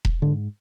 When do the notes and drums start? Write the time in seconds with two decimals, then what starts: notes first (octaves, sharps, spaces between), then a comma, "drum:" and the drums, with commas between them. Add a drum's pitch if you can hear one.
0.05 drum: kick E1
0.22 G#2 D3